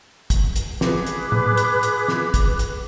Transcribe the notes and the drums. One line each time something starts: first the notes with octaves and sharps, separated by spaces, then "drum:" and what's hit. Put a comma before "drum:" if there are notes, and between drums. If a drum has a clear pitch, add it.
drum: kick, hi-hat
drum: hi-hat
G#4 B4 D6, drum: snare
drum: hi-hat
drum: tom A2
drum: hi-hat
drum: hi-hat
drum: snare
drum: kick, hi-hat
drum: hi-hat